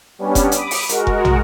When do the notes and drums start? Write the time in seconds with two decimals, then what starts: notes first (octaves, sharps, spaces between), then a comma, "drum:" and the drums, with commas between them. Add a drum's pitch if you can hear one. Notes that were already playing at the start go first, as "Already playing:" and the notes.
0.19 G3 B3 C#4 D4
0.35 drum: kick F1, hi-hat
0.52 B5 D6 D#6, drum: hi-hat
0.71 drum: open hi-hat
0.89 G#3 F#4 A#4, drum: hi-hat
1.07 drum: kick F1
1.25 drum: tom